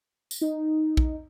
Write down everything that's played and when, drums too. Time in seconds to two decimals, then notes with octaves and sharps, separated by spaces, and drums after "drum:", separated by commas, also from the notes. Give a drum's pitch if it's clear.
0.31 drum: tambourine
0.41 D#4
0.97 drum: kick A#1